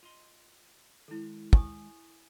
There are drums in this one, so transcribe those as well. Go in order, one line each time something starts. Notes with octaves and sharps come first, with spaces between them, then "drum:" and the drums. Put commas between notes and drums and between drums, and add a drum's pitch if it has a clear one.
F4 D#5 C6
D#3 G#3 E4 A4
G#5 C#6 D#6, drum: kick